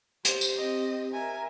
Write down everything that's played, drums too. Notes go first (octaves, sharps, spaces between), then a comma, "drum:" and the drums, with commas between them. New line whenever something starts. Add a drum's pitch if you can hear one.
G4 C5, drum: hi-hat
drum: tambourine
C4 D#5
A#4 E5 G#5